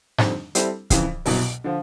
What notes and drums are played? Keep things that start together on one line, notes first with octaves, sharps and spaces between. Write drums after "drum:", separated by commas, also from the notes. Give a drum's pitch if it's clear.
F2 D3 G3 C4 D#4, drum: snare G#2
G3 C4 E4 A4, drum: hi-hat
F2 C#3 E3, drum: kick C#1, hi-hat
C2 B2 F#3, drum: open hi-hat
D3 F3